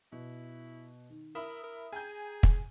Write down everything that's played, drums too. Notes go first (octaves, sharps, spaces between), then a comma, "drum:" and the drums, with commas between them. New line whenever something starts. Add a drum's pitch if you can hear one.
B2 E4
D#3
E4 A#4 B5 D#6 E7
A#4
G#4 G5 G#5 A#5 G6
drum: kick